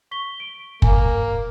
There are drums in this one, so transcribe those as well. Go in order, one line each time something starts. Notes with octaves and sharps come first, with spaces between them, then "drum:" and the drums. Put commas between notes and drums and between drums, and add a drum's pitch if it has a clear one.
C#6 B6 G7
D7
A#3 G#5, drum: kick